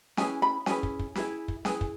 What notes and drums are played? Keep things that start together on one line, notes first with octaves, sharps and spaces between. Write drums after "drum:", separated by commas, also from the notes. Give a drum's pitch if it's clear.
C#4 E4 G#4 B4 G#5, drum: snare C#4
B5
C#4 E4 G#4 B4 G#5, drum: snare C#4
drum: kick
drum: kick
E4 G#4 B4, drum: snare C#4
drum: kick
E4 G#4 B4 G#5, drum: snare C#4
drum: kick